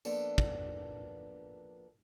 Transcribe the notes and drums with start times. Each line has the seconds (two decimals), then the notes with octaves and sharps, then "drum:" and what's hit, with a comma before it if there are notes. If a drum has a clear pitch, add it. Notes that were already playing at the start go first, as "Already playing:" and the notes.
0.05 F3 A#3 B3 D4 A4, drum: tambourine
0.38 drum: kick